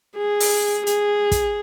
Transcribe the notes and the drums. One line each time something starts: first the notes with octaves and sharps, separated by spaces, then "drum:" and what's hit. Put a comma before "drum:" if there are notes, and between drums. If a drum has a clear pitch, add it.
G#4
drum: open hi-hat
G#4, drum: hi-hat
drum: kick, hi-hat